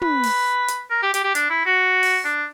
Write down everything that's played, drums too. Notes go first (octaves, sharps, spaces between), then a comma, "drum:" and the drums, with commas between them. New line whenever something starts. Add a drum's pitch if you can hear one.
B4, drum: tom
drum: open hi-hat
drum: hi-hat
A#4
G4
G4, drum: hi-hat
G4
D4, drum: hi-hat
E4
F#4
drum: open hi-hat
D4